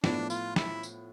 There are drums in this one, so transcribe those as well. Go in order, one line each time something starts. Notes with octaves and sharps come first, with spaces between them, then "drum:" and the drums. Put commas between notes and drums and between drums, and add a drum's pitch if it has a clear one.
A2 F3 B3 D4, drum: snare
F4, drum: tambourine
E4, drum: snare
drum: tambourine